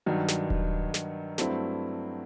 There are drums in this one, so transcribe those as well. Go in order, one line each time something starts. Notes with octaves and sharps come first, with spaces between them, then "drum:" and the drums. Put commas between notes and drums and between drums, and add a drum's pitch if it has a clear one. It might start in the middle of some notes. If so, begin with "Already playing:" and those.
G2 D#3 F#3
drum: snare
drum: kick D#1
drum: snare
G2 F#3 A3 C4 E4, drum: snare